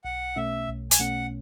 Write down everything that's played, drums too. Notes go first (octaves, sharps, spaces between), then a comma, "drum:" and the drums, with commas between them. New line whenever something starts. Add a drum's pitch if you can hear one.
B1 F#5
B2 A3 C#4 E5
B1
G#5, drum: hi-hat
B2 A3 C#4 F#5